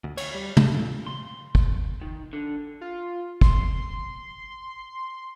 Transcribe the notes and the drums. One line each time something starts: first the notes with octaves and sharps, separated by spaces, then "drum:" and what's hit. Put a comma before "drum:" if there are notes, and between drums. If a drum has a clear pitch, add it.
D2
C#5, drum: cymbal
G3
A3, drum: tom
A#2
C6
drum: kick
D#3
D3
F4
C6, drum: kick